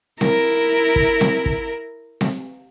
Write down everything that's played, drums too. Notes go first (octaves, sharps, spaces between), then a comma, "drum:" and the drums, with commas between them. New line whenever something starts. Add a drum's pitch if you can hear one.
E4 A#4, drum: snare C4
drum: kick
drum: snare C4
drum: kick
drum: snare C4